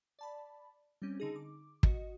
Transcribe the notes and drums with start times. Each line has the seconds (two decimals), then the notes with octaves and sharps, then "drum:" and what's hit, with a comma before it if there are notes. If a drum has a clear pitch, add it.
0.19 D5 A5 B5
1.02 G3 C4 C#4
1.20 D3 D#4 G#4
1.36 D6
1.83 F#4 D#5, drum: kick